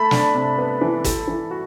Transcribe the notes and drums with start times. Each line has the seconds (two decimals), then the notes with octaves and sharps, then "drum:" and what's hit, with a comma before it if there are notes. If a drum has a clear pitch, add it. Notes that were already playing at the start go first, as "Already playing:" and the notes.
Already playing: A3 A5 B5
0.11 D4, drum: snare
0.34 C3
0.58 B3
0.81 E3
1.05 A4, drum: kick, hi-hat
1.28 E3
1.51 F#4